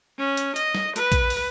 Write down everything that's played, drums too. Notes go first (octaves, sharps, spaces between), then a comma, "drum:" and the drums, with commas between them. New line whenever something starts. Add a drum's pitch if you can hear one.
C#4
drum: hi-hat
D#5, drum: hi-hat
drum: snare
B4, drum: hi-hat
drum: kick A#1, hi-hat
drum: open hi-hat